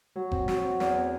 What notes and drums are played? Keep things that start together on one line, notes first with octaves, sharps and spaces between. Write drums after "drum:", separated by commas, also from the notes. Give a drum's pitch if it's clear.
F#3
C4, drum: kick F#1
F#3, drum: snare
C4
E2, drum: snare
C4